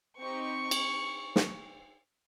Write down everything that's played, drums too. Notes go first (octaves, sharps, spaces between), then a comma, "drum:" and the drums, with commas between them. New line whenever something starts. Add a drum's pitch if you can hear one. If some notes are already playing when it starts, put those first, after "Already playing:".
C4 D#4 G4 C#6
drum: cymbal
drum: snare